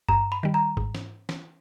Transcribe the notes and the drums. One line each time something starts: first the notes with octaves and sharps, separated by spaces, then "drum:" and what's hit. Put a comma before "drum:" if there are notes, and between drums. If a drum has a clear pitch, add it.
G2 A#5, drum: kick G#1
B5
D#3 G3
A#5
G#2, drum: kick G#1
drum: snare
drum: snare